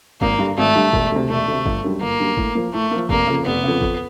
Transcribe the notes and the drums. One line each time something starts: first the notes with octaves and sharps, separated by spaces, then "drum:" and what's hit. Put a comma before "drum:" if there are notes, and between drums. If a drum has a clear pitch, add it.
G#1 A#3, drum: kick
G2 D3 G3
G#1 A3
G2 D3 G3
E1, drum: kick
D2 C3
E1 A3
D2 C3
G1, drum: kick
F#2 D3 G3
G1 A#3
F#2 D3 G3
A2, drum: kick
F3 A#3
A2 A3
F3 A#3
F1 A#3, drum: kick
F2 C#3
F1 B3
F2 C#3
F2, drum: kick